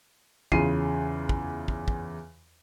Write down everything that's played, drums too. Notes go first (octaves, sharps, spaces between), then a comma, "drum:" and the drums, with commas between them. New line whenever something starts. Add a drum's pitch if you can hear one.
E2 C#3 F4 C7 D#7, drum: kick
drum: kick
drum: kick
drum: kick